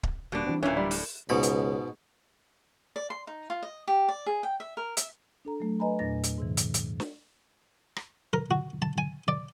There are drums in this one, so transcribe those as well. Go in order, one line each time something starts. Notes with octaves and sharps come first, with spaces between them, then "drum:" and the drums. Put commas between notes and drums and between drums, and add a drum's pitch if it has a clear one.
drum: kick
D#1 B2 G3 A#3 D4
E3 G3 C4
D1 A#2 E3 C#4 D4
G3
A2, drum: open hi-hat
C#2 G#2 B2 B5
drum: hi-hat
D5
C6
D#4
F4
D#5
G4
D5
G#4
G5
E5
A#4
E5, drum: hi-hat
D4 A4 A#5
F#3 A3
B4 D#5 G#5 A#5 B5
E2 A#2 D4 A6 A#6
drum: hi-hat
G#2 C3 E3
drum: hi-hat
drum: hi-hat
drum: snare
drum: rim click
A#4
F#4
A5
G#5
D5